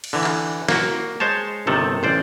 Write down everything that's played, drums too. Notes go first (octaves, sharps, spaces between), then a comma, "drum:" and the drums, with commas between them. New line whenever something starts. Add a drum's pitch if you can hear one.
drum: cymbal
D3 E3
drum: clap
A#3 F#4, drum: snare
G#3 C5 C#5 A5
G1 C3 D#3 A4
A1 C5 D5